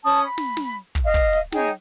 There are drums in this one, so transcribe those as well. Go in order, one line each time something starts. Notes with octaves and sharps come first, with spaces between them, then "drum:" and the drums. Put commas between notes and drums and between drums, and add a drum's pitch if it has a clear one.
C#4 A5 D#6
B5
drum: snare
drum: snare
drum: kick, hi-hat
D#5 F5
drum: kick, hi-hat
drum: open hi-hat
D#4 G#4 C#5 G5, drum: snare